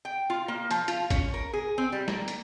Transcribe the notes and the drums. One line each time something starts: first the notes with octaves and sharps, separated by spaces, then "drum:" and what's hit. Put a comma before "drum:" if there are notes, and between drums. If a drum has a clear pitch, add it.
G5
F4
A#3
F3, drum: hi-hat
F4, drum: hi-hat
C#4, drum: kick, hi-hat
A#4
G#4
C4
G3
A#3, drum: snare
drum: hi-hat